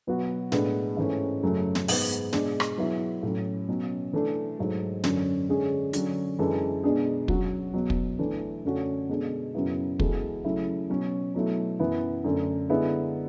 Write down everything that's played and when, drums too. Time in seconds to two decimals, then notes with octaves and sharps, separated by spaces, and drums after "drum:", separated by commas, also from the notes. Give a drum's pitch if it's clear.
0.07 B2 F#3 B3 F#4
0.52 A2 G#3 B3 D4, drum: snare
0.97 G#2 E3 A3 C#4
1.43 F#2 C#3 F#3 A3
1.75 drum: snare
1.88 G#2 G#3 B3, drum: open hi-hat
2.33 B2 G#3 D4, drum: snare
2.60 drum: rim click
2.78 F#3 B3 E4 G#4
3.23 A2 F#3 C#4
3.69 B2 F#3 C#4
4.13 E3 A3 D4 A4
4.59 G#2 F#3 A3
5.04 F#2 D3 F#3 C#4, drum: snare
5.49 D3 G#3 C#4 G#4
5.93 D3 F#3 C#4, drum: hi-hat
6.39 F#2 E3 G#3 D4 A4
6.84 B2 G#3 D4 G#4
7.28 F#3 C#4 F#4, drum: kick
7.74 E2 B2 F#3
7.90 drum: kick
8.19 E3 A3 D4
8.65 F#2 D3 A3 C#4 F#4
9.09 B2 G#3 D4 A4
9.54 F#2 C#3 F#3 B3 E4
10.00 E3 G#3 B3 F#4 A4, drum: kick
10.44 C#3 F#3 A3 E4
10.89 B2 F#3 C#4
11.35 B2 F#3 A3 E4
11.79 F#2 E3 B3 E4
12.24 F#2 D3 A3
12.69 D3 G#3 B3 E4 G#4